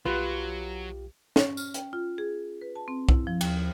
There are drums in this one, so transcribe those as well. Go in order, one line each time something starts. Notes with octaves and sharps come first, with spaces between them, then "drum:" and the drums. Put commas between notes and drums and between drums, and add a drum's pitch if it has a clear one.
B1 F#3 F4 G4 B4
C#4, drum: snare
F6, drum: tambourine
G5, drum: hi-hat
F4
G#4
B4
A5
C4
E4, drum: kick B1
F3
D#2, drum: cymbal